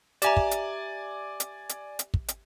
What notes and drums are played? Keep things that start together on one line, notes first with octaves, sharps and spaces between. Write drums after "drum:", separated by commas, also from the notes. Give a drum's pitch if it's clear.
G4 D5 E5 G#5 A#5, drum: hi-hat
drum: kick
drum: hi-hat
drum: hi-hat
drum: hi-hat
drum: hi-hat
drum: kick
drum: hi-hat